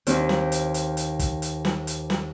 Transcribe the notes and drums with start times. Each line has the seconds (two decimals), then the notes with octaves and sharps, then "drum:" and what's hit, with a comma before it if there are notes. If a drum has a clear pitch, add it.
0.07 D#2 D#3 C4, drum: hi-hat
0.29 drum: snare
0.52 drum: hi-hat
0.74 drum: hi-hat
0.97 drum: hi-hat
1.19 drum: kick, hi-hat
1.42 drum: hi-hat
1.65 drum: snare
1.87 drum: hi-hat
2.10 drum: snare